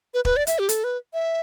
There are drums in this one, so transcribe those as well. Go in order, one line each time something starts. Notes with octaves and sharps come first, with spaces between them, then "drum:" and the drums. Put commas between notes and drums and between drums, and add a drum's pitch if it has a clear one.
B4
B4, drum: kick
D5
E5, drum: hi-hat
G4
A4, drum: hi-hat
B4
E5